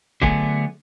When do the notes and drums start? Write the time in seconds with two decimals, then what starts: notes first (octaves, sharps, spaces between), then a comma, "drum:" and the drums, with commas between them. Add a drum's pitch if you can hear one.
0.21 D3 F#3 A3 B3 G#4, drum: kick